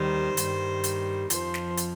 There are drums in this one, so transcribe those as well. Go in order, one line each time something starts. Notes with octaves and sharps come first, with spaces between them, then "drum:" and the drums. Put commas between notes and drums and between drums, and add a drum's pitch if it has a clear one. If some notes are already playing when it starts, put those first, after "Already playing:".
Already playing: D#2 D#3 G3 C5
G2 D#3 G3, drum: hi-hat
drum: hi-hat
F2 F3 C5, drum: hi-hat
drum: snare
drum: hi-hat